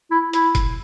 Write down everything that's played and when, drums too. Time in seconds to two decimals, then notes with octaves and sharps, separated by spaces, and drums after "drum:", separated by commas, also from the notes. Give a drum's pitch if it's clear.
0.11 E4
0.33 E4, drum: hi-hat
0.55 drum: kick F#1, hi-hat